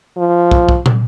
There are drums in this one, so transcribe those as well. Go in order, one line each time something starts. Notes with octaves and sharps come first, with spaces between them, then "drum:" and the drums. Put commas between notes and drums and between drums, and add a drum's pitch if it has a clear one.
F3
drum: kick
drum: kick
drum: tom